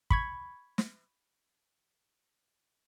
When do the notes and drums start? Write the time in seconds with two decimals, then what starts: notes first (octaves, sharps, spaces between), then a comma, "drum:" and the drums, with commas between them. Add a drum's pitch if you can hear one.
0.10 B5 C#6 G#6, drum: kick
0.78 drum: snare